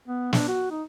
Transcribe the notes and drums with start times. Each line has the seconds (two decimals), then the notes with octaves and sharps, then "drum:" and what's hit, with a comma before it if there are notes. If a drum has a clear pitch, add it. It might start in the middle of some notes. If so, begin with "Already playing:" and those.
0.08 B3
0.33 D4, drum: snare
0.48 F#4
0.71 D#4